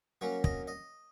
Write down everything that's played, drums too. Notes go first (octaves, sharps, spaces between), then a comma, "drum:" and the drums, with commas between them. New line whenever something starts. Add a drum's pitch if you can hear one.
F#3 A#3 C#4 C#5
D#5, drum: kick
D#5